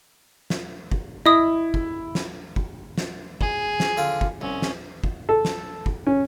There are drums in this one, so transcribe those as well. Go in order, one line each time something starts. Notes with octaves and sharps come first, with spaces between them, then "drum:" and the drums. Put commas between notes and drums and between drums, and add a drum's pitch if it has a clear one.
drum: snare
drum: kick
E4 D#5 D#6
drum: kick
drum: snare
drum: kick
drum: snare
G#4, drum: kick
drum: snare
D3 F4 G5
drum: kick
C2 C#4
drum: snare
drum: kick
A4
drum: snare
drum: kick
C#4